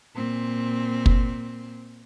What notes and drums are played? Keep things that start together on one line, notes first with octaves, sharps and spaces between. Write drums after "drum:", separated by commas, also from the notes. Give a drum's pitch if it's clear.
A#2 C4
drum: kick